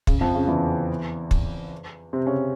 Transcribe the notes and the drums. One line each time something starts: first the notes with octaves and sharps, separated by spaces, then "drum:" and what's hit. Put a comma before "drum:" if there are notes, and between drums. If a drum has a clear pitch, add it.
C#3, drum: kick
F2 F3
C#3
E2 E3
drum: kick
C3 C4
C#3 C#4